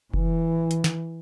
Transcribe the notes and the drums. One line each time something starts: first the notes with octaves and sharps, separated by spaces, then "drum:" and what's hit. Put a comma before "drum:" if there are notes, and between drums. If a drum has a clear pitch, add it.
E3, drum: kick F1
drum: hi-hat
drum: snare